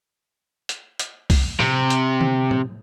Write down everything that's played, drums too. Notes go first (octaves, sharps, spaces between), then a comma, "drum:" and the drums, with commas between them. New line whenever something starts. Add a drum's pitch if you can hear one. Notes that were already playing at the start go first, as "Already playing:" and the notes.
drum: hi-hat
drum: hi-hat
drum: kick, open hi-hat
C3, drum: tom
drum: hi-hat
drum: tom D3
drum: tom